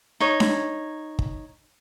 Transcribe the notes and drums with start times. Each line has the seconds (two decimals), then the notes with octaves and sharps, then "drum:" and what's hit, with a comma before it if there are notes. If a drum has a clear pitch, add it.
0.20 D#4 C#5
0.40 drum: snare D4
1.19 drum: kick